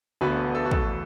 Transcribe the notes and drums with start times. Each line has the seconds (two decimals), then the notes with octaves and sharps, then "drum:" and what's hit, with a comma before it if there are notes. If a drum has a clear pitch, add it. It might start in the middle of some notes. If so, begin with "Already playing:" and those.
0.21 E1 D2 D3 B3 F#4 B4
0.55 A4
0.66 F#4
0.71 E2 B2 A3 A4, drum: kick